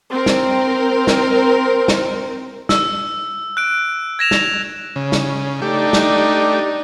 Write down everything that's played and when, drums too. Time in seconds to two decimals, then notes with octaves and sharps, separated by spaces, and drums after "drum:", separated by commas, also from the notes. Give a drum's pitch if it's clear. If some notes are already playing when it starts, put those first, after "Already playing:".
0.13 C4 A#4
0.26 drum: snare
1.07 drum: snare
1.88 drum: snare
2.69 E6, drum: snare
3.57 F#6 D7
4.19 G#6 A#6 E7 F7
4.31 drum: snare
4.96 C#3
5.12 drum: snare
5.62 A3 D4 D#4 G4 D5
5.93 drum: snare